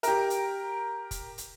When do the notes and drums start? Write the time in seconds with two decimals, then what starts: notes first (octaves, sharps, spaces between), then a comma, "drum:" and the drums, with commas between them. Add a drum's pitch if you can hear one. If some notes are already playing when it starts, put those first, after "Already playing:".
0.03 G4 A#4, drum: hi-hat
0.30 drum: hi-hat
1.11 drum: kick F1, hi-hat
1.38 drum: hi-hat